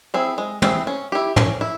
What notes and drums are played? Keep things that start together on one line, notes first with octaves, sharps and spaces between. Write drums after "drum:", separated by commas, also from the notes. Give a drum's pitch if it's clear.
C4 E4 G#4
G#3
C4 E4 G#4, drum: tom
C#4
E4 G4
C#4, drum: tom
E4